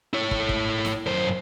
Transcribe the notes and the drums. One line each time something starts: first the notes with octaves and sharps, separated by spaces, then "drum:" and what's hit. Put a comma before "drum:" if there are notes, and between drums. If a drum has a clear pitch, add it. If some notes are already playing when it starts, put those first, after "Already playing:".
E4 C#5
drum: kick
drum: kick
drum: snare
F#2 C5